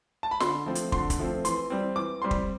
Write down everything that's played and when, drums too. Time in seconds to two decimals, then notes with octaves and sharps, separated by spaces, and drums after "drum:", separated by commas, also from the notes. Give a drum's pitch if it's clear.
0.23 A5
0.31 B5
0.40 D3 C6, drum: snare
0.66 F3 A3 C4
0.75 drum: hi-hat
0.92 D3 C6, drum: kick
1.10 drum: kick, hi-hat
1.19 F3 A3 C4
1.45 E3 C6, drum: hi-hat
1.70 G3 C4
1.96 E3 D6
2.22 G3 C4 C6
2.31 drum: kick